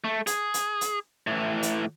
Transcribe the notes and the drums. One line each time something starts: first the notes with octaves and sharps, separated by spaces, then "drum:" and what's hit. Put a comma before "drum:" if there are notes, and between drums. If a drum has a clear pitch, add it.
A3
G#4, drum: hi-hat
drum: hi-hat
drum: hi-hat
A2 E3
drum: hi-hat